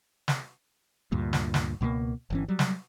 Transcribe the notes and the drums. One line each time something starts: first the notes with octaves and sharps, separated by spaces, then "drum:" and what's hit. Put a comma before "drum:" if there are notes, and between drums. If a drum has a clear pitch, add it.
drum: snare
D2 G2 A#2
drum: snare
drum: snare
C#2 B2 F#3 A#3
G1 E3 C#4
F#3 G3
drum: snare